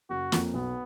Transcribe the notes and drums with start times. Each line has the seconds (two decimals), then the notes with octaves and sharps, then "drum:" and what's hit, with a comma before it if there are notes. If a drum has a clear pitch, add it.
0.10 F#1 F#4
0.32 F2 F3 A#3, drum: snare
0.54 B1 B3